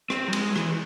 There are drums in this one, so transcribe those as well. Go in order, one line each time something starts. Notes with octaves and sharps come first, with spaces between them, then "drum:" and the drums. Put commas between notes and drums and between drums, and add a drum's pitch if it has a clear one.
C4, drum: rim click
F#3
G#3, drum: cymbal
E3, drum: rim click